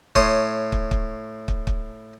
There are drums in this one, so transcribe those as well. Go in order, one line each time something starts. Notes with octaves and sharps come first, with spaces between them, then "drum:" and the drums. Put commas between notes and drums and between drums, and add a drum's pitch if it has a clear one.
A2 C#5 C6 D#6, drum: kick
drum: kick
drum: kick
drum: kick
drum: kick